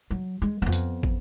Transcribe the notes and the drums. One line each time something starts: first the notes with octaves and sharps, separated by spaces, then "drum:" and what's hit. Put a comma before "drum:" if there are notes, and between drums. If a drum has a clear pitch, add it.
F#3
G#3
F2 B3
drum: hi-hat
drum: kick